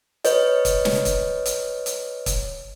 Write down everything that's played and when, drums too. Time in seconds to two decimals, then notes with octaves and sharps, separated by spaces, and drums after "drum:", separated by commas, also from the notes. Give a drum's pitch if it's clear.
0.24 B4 C#5 D#5, drum: hi-hat
0.65 drum: kick, hi-hat
0.85 drum: snare
1.05 drum: kick, hi-hat
1.46 drum: hi-hat
1.86 drum: hi-hat
2.26 drum: kick, hi-hat